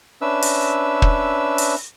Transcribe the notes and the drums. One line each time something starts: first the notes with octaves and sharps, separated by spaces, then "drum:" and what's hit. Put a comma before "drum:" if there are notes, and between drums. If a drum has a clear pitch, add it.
C#4 D4 B4 E5 E6
drum: open hi-hat
drum: kick
drum: open hi-hat